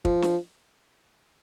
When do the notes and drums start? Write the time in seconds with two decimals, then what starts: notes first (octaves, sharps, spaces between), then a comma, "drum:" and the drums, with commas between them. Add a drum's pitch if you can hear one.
0.05 F3, drum: kick
0.22 drum: snare